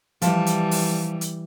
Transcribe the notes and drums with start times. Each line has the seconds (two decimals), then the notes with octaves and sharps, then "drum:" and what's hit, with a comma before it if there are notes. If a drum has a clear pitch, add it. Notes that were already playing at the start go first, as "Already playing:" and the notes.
0.22 E3 F3 G3 A5, drum: hi-hat
0.46 drum: hi-hat
0.71 drum: open hi-hat
1.21 drum: hi-hat